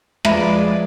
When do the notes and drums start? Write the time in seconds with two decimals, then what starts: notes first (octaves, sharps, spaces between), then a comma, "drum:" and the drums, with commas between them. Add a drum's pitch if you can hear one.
0.25 F3 G#3 B4 D5 E5 A#5 B5, drum: rim click